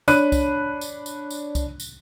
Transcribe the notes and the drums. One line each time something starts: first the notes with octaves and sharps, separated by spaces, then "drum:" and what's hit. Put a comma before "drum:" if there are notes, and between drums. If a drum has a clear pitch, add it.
D4 C#5 B5 F#6 D#7, drum: tambourine
drum: kick C2, tambourine
drum: tambourine
drum: tambourine
drum: tambourine
drum: kick C2, tambourine
drum: tambourine